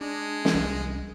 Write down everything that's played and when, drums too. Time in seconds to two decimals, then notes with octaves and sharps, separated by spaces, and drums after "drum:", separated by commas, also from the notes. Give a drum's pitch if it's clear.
0.01 G#3 D4
0.45 drum: snare
0.55 C2